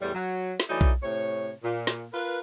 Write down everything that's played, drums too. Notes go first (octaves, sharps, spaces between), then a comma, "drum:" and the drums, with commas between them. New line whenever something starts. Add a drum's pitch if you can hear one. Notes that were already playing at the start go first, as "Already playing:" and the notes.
E2 A2 G3
F#3
drum: snare
E3 F#3 A3 D#4 D5
drum: kick B1
A2 C3 C#5
A#2
drum: snare
F4 A#4 B4